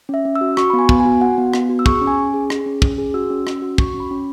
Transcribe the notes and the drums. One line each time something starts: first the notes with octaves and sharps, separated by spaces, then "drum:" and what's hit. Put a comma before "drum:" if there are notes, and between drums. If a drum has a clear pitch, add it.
C#4 E5
C#4
E6
F#4
F#4 C#6, drum: rim click
B5
B3
G#5
B3, drum: kick
G#5
F#4
F#4 F#5
B3
B3, drum: rim click
F#4
E6
G#4 C#6, drum: kick
C#4
G#5
C#4
G#4
G#4, drum: rim click
C#4
C#4, drum: kick
G#4
F#4 E6
C#4
C#4, drum: rim click
F#4
F#4 C#6, drum: kick
C#4
B5
C#4